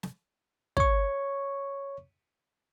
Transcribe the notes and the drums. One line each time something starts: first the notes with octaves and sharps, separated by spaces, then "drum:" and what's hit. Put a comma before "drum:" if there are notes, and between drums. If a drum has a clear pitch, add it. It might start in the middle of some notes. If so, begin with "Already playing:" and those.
drum: snare
C#5 C#6, drum: kick